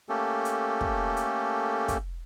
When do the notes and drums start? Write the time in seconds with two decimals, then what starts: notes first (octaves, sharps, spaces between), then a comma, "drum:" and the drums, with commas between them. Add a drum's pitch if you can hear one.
0.09 A3 A#3 C#4 G4 A4
0.45 drum: hi-hat
0.81 drum: kick
1.17 drum: hi-hat
1.88 drum: kick, hi-hat